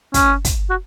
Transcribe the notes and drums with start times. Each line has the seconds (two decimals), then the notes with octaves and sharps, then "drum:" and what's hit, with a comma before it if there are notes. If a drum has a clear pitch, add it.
0.14 C#4, drum: kick, hi-hat
0.45 drum: kick, hi-hat
0.70 F#4